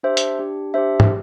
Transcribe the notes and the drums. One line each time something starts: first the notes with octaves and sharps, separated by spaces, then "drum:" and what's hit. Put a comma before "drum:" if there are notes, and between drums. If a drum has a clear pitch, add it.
D4 G4 C5 E5
drum: hi-hat
D4 G4
D4 G4 C5 E5
drum: tom